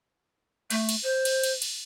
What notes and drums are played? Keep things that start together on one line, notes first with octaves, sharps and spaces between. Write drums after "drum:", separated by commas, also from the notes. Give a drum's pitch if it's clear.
A3, drum: cymbal
drum: cymbal
C5
drum: cymbal
drum: cymbal
drum: cymbal